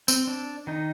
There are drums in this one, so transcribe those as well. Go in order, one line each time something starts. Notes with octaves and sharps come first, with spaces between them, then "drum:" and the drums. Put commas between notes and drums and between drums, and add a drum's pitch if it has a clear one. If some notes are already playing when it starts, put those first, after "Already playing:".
C4, drum: tambourine
D4
D#3 D#4